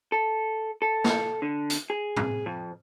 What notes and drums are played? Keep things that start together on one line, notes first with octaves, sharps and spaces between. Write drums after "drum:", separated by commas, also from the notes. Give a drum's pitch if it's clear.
A4
A4
drum: snare
D3
drum: hi-hat
G#4
drum: tom G#2
F2